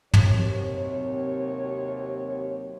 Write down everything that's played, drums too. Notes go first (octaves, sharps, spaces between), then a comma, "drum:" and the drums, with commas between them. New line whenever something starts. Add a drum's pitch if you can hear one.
D#2 C3 F#3 C4 C#5, drum: tom